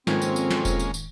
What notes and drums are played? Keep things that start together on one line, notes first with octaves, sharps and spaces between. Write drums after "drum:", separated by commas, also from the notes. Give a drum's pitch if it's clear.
F2 G#2 D#3 G#3 A#3 C4 C#4 G#6, drum: snare
drum: tambourine
drum: tambourine
drum: snare
drum: kick E1, tambourine
drum: tambourine
drum: tambourine